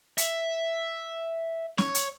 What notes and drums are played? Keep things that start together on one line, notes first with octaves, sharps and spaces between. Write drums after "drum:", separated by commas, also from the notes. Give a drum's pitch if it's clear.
E5, drum: hi-hat
C#5, drum: snare
drum: hi-hat